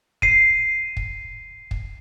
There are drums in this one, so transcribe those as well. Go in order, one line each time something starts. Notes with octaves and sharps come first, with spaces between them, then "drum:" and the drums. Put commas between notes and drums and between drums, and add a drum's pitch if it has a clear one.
C7 D#7, drum: kick
drum: kick
drum: kick